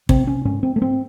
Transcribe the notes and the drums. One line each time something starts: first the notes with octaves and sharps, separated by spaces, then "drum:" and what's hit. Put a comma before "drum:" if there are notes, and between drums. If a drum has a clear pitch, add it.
C3 C4, drum: kick
C#4
G#2 C#4
C4
A3
C4